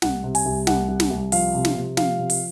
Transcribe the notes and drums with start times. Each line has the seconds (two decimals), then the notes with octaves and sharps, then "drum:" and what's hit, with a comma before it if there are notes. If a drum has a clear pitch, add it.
0.02 C2 F#5, drum: snare
0.24 C3
0.35 G#5, drum: open hi-hat
0.46 C2
0.67 C2 F#5, drum: snare
0.88 C2
1.00 drum: snare
1.10 C2
1.32 F3 F5, drum: open hi-hat
1.54 C3
1.65 drum: snare
1.75 C3
1.97 F3 F5, drum: snare
2.19 C3
2.30 drum: open hi-hat